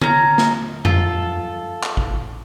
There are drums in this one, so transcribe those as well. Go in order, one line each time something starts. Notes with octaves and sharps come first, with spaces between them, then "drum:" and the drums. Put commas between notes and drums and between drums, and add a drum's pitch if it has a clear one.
C#4 A#5, drum: tom D3
drum: snare
F4 A4, drum: tom F2
drum: clap
drum: kick A1